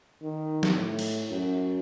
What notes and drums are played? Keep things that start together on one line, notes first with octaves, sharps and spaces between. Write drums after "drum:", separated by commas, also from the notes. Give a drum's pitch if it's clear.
D#3
drum: snare
A2
drum: cymbal
F#2